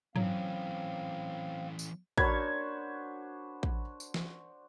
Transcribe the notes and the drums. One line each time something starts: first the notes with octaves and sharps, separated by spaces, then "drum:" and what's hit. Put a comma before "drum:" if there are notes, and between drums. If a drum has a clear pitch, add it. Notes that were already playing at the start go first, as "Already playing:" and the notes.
E3 F#3 C4 C#4 F5, drum: tom G2
drum: tambourine
D4 F#4 A#4 C5 C#5 B5 G#6, drum: kick
drum: kick
drum: tambourine
drum: snare